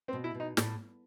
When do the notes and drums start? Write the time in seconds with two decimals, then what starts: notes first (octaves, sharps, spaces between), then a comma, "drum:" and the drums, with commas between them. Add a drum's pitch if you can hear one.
0.08 C4
0.13 B2
0.24 E4
0.34 B2
0.40 D#4
0.57 A2, drum: snare